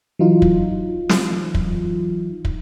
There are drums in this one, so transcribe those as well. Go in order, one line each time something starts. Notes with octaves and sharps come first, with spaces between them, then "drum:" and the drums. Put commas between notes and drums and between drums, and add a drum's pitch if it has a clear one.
E3 F#3 D#4 F4
drum: kick
drum: snare
drum: kick
drum: kick